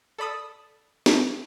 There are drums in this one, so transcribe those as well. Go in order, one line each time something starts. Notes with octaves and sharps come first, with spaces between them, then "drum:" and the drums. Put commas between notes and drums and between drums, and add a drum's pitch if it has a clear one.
A4 D5 B5 D#6 E6
drum: snare